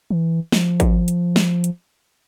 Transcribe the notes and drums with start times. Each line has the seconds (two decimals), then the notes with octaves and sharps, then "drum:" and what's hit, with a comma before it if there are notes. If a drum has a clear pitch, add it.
0.10 E3
0.52 F3, drum: snare
0.80 drum: kick G#1, hi-hat
1.08 drum: hi-hat
1.36 drum: snare
1.64 drum: hi-hat